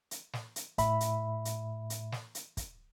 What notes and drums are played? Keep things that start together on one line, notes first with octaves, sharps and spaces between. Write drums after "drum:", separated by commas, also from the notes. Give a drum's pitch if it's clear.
drum: hi-hat
drum: snare
drum: hi-hat
A2 E5 B5, drum: kick, hi-hat
drum: hi-hat
drum: hi-hat
drum: hi-hat
drum: snare
drum: hi-hat
drum: kick, hi-hat